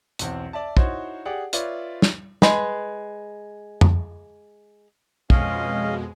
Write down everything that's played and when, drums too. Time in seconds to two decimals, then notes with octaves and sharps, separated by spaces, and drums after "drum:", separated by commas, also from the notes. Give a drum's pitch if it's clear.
0.19 B1 E2 C4, drum: hi-hat
0.53 D5 E5 A5
0.77 D#4 E4 F#4 C5 C#5, drum: kick
1.25 G4 G#4 D5 F#5
1.53 F4 B4 C#5 D5 E5, drum: hi-hat
2.02 drum: snare
2.42 G#3 B4, drum: snare
3.81 drum: tom F2
5.30 F2 B2 G#3 C#4 D#5 F5, drum: kick